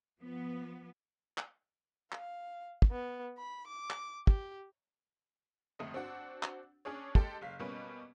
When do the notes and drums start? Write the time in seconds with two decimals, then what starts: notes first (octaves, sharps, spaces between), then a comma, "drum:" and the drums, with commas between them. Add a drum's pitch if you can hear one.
0.20 F3 B3
1.38 drum: clap
2.12 F5, drum: clap
2.82 drum: kick
2.91 B3
3.38 B5
3.67 D6
3.90 drum: clap
4.27 G4, drum: kick
5.79 G1 F2 A3 D#5
5.94 C4 D4 F#4 F#5
6.43 drum: clap
6.85 C#4 D4 G#4 C#5
7.15 G#3 G4 A4, drum: kick
7.41 F#1 F5 B6
7.59 B2 G3 A#3 C#4 B4